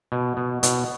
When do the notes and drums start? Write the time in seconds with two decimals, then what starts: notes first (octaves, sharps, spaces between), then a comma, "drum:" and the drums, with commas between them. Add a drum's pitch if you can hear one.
0.12 B2
0.37 B2
0.63 B2, drum: hi-hat